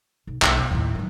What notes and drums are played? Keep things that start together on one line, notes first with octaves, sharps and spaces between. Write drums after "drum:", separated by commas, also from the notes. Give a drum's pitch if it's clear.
B1
B1 A#3, drum: clap
B2 B3
D#2 A2
D#3 F#3